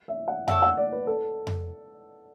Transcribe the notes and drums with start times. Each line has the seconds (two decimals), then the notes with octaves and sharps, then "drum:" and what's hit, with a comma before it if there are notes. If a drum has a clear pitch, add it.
0.08 E5
0.28 F#5
0.48 E4 A4 C#5 F#5, drum: tom F2
0.62 F#5
0.77 D5
0.92 B4
1.07 A4
1.47 drum: tom F2